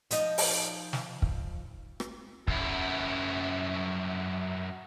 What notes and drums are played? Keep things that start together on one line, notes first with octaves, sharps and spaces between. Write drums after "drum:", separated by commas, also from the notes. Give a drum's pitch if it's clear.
F3 D#4, drum: hi-hat
drum: open hi-hat
drum: snare
drum: kick
drum: rim click
F#2 E4, drum: kick